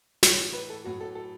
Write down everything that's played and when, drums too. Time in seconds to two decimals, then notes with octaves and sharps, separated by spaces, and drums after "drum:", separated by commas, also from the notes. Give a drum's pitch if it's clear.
0.23 A2 E3 C#5, drum: snare
0.53 B4
0.70 A4
0.84 A2 F#3 F#4
1.00 A4
1.15 A4